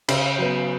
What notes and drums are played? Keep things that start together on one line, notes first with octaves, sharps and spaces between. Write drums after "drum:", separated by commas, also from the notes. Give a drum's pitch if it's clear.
C#3, drum: cymbal
F#3 B3